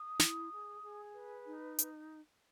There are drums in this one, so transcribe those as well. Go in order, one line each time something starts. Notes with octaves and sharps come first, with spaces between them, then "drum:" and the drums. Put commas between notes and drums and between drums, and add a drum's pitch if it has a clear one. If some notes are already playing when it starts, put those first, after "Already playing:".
Already playing: D#6
E4, drum: snare
G#4
G#4
B4
D#4
drum: hi-hat